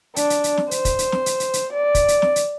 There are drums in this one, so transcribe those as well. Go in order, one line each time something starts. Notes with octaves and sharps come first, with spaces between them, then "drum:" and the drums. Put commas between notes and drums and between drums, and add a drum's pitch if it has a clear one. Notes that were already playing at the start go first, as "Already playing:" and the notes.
D4, drum: hi-hat
drum: hi-hat
drum: hi-hat
drum: snare
C5, drum: hi-hat
drum: kick, hi-hat
drum: hi-hat
drum: snare
drum: hi-hat
drum: hi-hat
drum: hi-hat
D5
drum: kick, hi-hat
drum: hi-hat
drum: snare
drum: hi-hat